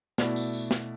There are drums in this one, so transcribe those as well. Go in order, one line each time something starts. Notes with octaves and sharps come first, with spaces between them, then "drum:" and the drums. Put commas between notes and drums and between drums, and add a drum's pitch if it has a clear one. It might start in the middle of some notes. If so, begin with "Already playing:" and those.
B2 A3 E4 D5, drum: snare
drum: tambourine
drum: tambourine
drum: snare